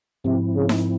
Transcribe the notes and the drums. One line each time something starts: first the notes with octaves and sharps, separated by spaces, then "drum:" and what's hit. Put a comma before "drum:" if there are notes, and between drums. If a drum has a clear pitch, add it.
G#2 C3 F3 C4 E4
C#3
drum: snare D#4